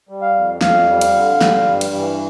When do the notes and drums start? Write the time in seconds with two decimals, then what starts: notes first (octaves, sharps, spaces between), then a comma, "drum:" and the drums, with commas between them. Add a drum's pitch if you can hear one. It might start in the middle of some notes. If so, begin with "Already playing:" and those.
0.09 G3
0.22 F5
0.35 F2
0.61 F2 F5, drum: snare
0.89 G3
1.01 drum: cymbal
1.15 D3
1.41 G3, drum: snare
1.67 G2
1.81 drum: cymbal
1.95 E3